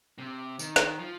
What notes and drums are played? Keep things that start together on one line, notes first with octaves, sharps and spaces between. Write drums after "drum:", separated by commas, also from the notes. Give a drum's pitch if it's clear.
C3
D#3, drum: tambourine
drum: snare
F3